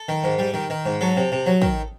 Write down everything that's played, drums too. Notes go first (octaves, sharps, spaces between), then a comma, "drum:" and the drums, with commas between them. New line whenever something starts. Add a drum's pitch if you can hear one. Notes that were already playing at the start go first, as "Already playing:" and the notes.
Already playing: A4
D#3
G#2
G3
D#3
D#3
G#2
F#3 A4
C3
C3
F#3
D#3, drum: kick